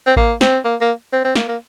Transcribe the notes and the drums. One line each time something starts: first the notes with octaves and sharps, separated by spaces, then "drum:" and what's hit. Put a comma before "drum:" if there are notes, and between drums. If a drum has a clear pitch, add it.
C4
A#3, drum: kick A1
C4, drum: snare
A#3
A#3
C4
C4
A#3, drum: snare
A#3